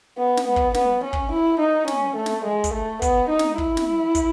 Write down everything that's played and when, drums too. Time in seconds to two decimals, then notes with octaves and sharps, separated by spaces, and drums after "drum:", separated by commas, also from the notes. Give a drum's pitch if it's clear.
0.18 B3
0.37 drum: snare
0.47 B3
0.56 drum: kick
0.74 B3, drum: snare
1.04 C#4
1.13 drum: kick
1.31 E4
1.59 D#4
1.88 C#4, drum: snare
2.16 A3
2.26 drum: snare
2.44 G#3
2.64 drum: kick, hi-hat
2.73 A3
3.02 B3, drum: kick, hi-hat
3.29 D#4
3.39 drum: snare
3.58 E4, drum: kick
3.77 drum: snare
4.15 drum: kick, hi-hat